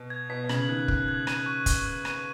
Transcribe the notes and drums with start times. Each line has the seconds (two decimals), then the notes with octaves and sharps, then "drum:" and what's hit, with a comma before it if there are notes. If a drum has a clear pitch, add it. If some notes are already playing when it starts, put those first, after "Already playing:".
Already playing: B2
0.10 G#6
0.30 B2 B6
0.44 B2
0.49 C#3 F#7, drum: rim click
0.68 D#3 F#6
0.88 F#6, drum: kick
1.08 G#6
1.27 D#7, drum: rim click
1.46 C#6
1.66 C#6, drum: kick, hi-hat
1.86 F#6
2.05 D#7, drum: rim click